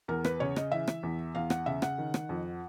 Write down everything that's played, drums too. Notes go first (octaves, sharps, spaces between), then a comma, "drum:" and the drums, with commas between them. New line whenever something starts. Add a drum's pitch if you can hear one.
E2 A#4
B4, drum: rim click
C#3 C#5
D#5, drum: rim click
E3 E5
drum: rim click
E2
E2 F5
F#5, drum: rim click
C#3 E5
F#5, drum: rim click
D#3
drum: rim click
F2